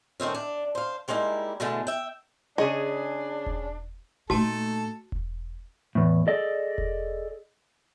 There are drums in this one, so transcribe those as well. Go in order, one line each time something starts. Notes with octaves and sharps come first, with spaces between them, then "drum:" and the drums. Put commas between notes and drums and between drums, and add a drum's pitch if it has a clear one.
D#3 A3 C4 C#4
D4
C5 F5
G3 G#3 A#3 D#4 E4
B2 D3 E3 G#3 A3
E5 G5
C#3 D4 G#4 C#5 D#5
drum: kick E1
A#2 A3 A#3 D#4 F#4 A4 A5
drum: kick E1
E2 A2
G#4 A4 D5 D#5
drum: kick E1